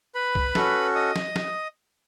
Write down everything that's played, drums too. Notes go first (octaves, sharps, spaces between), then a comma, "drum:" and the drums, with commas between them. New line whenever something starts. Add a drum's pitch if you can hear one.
B4 B5
drum: kick C2
C#4 F#4 A4, drum: snare
D#5 D#6
drum: snare
drum: snare